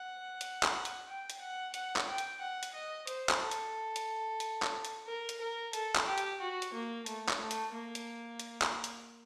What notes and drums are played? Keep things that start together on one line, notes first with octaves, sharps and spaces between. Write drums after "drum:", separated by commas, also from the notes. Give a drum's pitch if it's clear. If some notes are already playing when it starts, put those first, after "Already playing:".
Already playing: F#5
drum: hi-hat
drum: clap
drum: hi-hat
G5
drum: hi-hat
F#5
F#5, drum: hi-hat
drum: clap
G5
drum: hi-hat
F#5
drum: hi-hat
D#5
C5, drum: hi-hat
drum: clap
A4
drum: hi-hat
drum: hi-hat
drum: hi-hat
drum: clap
drum: hi-hat
A#4
drum: hi-hat
A#4
A4, drum: hi-hat
drum: clap
G4
drum: hi-hat
F#4
drum: hi-hat
A#3
A3, drum: hi-hat
drum: clap
A3
drum: hi-hat
A#3
drum: hi-hat
drum: hi-hat
drum: clap
drum: hi-hat